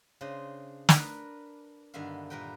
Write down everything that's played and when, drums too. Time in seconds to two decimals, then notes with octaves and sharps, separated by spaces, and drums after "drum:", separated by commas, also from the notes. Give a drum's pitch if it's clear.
0.21 C#3 D4 C5 D#5
0.89 D4 A#4 B4, drum: snare
1.94 G2 D3 D#3 B3 E5 F5
2.30 A#2 G3 A#4 B4 G5